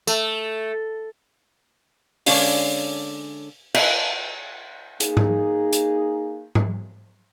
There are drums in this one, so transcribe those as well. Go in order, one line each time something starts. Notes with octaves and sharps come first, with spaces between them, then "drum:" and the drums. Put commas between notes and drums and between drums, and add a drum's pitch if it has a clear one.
A3, drum: tambourine
D3 G#3 C#4 D4 C#5 F5, drum: open hi-hat
B4 E5 F5 A5, drum: cymbal
A#3 D#4 G#4, drum: hi-hat
drum: tom G#2
drum: hi-hat
drum: tom G#2